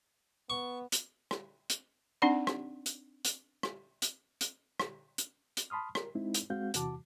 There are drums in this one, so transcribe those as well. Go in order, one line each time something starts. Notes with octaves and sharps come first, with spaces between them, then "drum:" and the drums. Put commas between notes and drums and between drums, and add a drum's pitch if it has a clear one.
B3 C#6
drum: hi-hat
drum: rim click
drum: hi-hat
C4 D4 D#4 D5 F#5
drum: rim click
drum: hi-hat
drum: hi-hat
drum: rim click
drum: hi-hat
drum: hi-hat
drum: rim click
drum: hi-hat
drum: hi-hat
A5 B5 C6 D#6 F6
A#4, drum: rim click
G#3 C4 D#4 E4
drum: hi-hat
G#3 C4 F#4 F5 G6
E2 C3 E3 F#4 A5 D6, drum: hi-hat